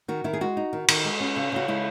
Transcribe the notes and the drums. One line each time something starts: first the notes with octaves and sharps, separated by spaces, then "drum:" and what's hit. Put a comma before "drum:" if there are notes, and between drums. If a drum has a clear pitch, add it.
D#3 F#4
D#3 E4
G#4
G#3 F#4
D#4
D#3
D#3, drum: cymbal
G#3
C#4
C#3
C#3 F#4
G#3 E4